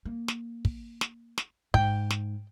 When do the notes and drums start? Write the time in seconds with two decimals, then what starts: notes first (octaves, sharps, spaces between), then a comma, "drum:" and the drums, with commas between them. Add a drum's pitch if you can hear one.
0.06 A#3
0.28 drum: snare
0.65 drum: kick
1.01 drum: snare
1.38 drum: snare
1.74 G#2 G5, drum: kick
2.10 drum: snare